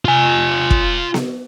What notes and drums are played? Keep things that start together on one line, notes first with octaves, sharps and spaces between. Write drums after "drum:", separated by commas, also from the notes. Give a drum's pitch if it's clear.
F4 G#5
drum: kick
drum: snare B3